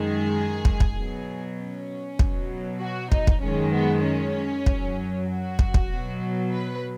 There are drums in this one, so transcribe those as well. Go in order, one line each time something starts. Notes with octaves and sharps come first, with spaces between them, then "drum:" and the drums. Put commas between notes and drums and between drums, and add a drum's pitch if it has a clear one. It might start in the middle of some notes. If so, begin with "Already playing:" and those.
Already playing: F#2 D#3 G#3 G#4
drum: kick
drum: kick
B2 F#3
C#4
B2 F#3, drum: kick
F#4
D#4, drum: kick
drum: kick
F#2 D#3 G#3 C#4
B3
C#4
F#2 F#3, drum: kick
F#4
drum: kick
drum: kick
B2 F#3
B4